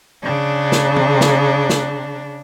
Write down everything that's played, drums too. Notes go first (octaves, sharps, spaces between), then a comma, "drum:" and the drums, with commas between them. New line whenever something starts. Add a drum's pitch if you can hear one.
C#3 D4
drum: snare
drum: tom
drum: snare
drum: snare